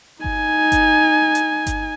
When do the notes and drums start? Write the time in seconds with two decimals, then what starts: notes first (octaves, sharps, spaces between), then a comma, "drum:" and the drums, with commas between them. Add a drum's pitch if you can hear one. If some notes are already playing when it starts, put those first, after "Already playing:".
0.24 D#4 G#5, drum: kick G1
0.72 drum: kick G1, hi-hat
1.35 drum: hi-hat
1.67 drum: kick G1, hi-hat